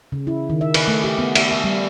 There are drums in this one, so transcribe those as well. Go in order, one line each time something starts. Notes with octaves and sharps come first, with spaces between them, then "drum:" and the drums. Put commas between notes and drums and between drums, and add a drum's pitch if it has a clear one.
C#3
E4
D#3
E5
B4, drum: cymbal
A3
G4
B3
E5, drum: cymbal
E5
G3